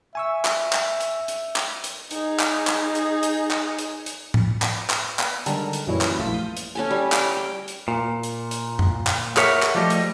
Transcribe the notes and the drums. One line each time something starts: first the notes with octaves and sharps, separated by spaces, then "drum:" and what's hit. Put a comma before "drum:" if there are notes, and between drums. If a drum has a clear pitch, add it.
E5 G#5 C#6 E6
drum: clap
drum: clap
drum: hi-hat
drum: hi-hat
drum: clap
drum: hi-hat
D#4 G#4, drum: hi-hat
drum: clap
drum: clap
drum: hi-hat
drum: hi-hat
drum: clap
drum: hi-hat
drum: hi-hat
drum: tom A2
drum: clap
drum: clap
B3, drum: clap
D3 D#3 G3 G#3 A4 A#4, drum: hi-hat
drum: hi-hat
F#2 A#2 E3 G3 C#4 E4
drum: clap
A#1 A2 F4 A5 B6
F5 D#6 G6
drum: hi-hat
C#4 A4 G#5
G3
A#4, drum: clap
G5
drum: hi-hat
A#2
drum: hi-hat
drum: hi-hat
drum: tom F#2
drum: clap
G#4 A#4 C#5 E5 F#5, drum: clap
drum: clap
F3 G3 A3 G4 D#5
drum: hi-hat